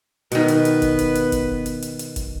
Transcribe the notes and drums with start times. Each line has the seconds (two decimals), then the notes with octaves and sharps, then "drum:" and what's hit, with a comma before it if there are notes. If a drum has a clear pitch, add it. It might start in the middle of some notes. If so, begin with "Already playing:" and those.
0.32 B2 D#3 B3 B4, drum: hi-hat
0.48 drum: hi-hat
0.65 drum: hi-hat
0.82 drum: kick F#1, hi-hat
0.99 drum: hi-hat
1.15 drum: hi-hat
1.32 drum: kick F#1, hi-hat
1.66 drum: hi-hat
1.82 drum: hi-hat
1.99 drum: hi-hat
2.16 drum: kick F#1, hi-hat